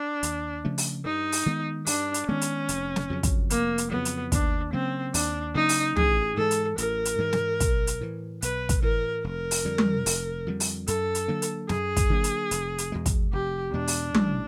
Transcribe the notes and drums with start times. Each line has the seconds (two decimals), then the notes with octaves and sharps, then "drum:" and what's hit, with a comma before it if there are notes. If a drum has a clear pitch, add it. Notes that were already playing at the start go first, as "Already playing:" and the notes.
Already playing: D4
0.23 D#2, drum: hi-hat
0.65 C#3 F3 A3
0.78 drum: open hi-hat
1.05 G2 D#4
1.32 drum: open hi-hat
1.46 D#3 G#3 B3
1.87 G2 D4, drum: open hi-hat
2.14 drum: hi-hat
2.28 D#3 G#3 B3 C#4
2.41 drum: hi-hat
2.69 F1, drum: hi-hat
2.96 drum: snare
3.10 F2 C#3 F#3
3.23 drum: kick, hi-hat
3.50 F1 A#3, drum: hi-hat
3.78 drum: hi-hat
3.91 F2 C#3 F#3 B3
4.05 drum: hi-hat
4.32 D#2 D4, drum: kick, hi-hat
4.73 C#3 F#3 A#3 C4
5.14 D#2 D4, drum: open hi-hat
5.55 C#3 F#3 A#3 D#4
5.69 drum: open hi-hat
5.96 A1 G#4, drum: tom
6.37 G#2 E3 G#3 A4
6.51 drum: hi-hat
6.78 A1 A#4, drum: hi-hat
7.05 drum: hi-hat
7.18 G#2 E3 G#3
7.33 drum: snare
7.60 B1, drum: kick, hi-hat
7.87 drum: hi-hat
8.01 A2 E3
8.42 B1 B4, drum: hi-hat
8.69 drum: kick, hi-hat
8.82 A2 E3 A#4
9.24 F1 A#4
9.51 drum: open hi-hat
9.65 F2 D3 G3
9.78 drum: tom
10.06 F1, drum: open hi-hat
10.47 F2 D3 G3
10.60 drum: open hi-hat
10.87 F#2 A4, drum: hi-hat
11.15 drum: hi-hat
11.28 D3 F#3 A#3
11.42 drum: hi-hat
11.69 F#2 G#4, drum: snare
11.97 drum: kick, hi-hat
12.10 D3 F#3 A#3
12.24 drum: hi-hat
12.51 F1, drum: hi-hat
12.78 drum: hi-hat
12.92 E2 B2 G#3
13.06 drum: kick, hi-hat
13.33 F1 G4
13.73 E2 B2 G#3 D4
13.88 drum: open hi-hat
14.14 A1, drum: tom